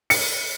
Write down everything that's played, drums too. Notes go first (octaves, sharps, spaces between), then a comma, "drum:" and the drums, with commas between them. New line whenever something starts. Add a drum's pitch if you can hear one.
C#7, drum: open hi-hat